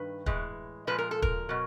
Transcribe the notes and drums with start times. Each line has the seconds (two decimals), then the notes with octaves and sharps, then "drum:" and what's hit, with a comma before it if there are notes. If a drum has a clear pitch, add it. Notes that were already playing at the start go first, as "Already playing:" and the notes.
Already playing: G2 D#3 B4
0.26 A2 E3 G#3, drum: kick
0.87 A#2 F3 G#3 B4
0.98 A#4
1.11 A4
1.22 A#4, drum: kick
1.49 B2 F#3